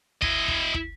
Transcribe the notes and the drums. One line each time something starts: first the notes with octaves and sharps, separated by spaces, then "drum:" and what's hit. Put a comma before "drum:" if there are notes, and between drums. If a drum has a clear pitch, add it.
E4 D#5, drum: kick
drum: kick
drum: kick